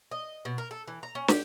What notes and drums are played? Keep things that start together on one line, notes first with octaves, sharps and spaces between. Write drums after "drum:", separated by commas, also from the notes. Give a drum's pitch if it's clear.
D#5
B2
A#4
A4
E3
A#5
C#4
G4, drum: snare